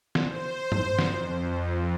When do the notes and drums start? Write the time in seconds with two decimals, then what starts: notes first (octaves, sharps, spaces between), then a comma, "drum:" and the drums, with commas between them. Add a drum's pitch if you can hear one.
0.15 C5, drum: snare
0.72 drum: tom G2
0.99 F2, drum: snare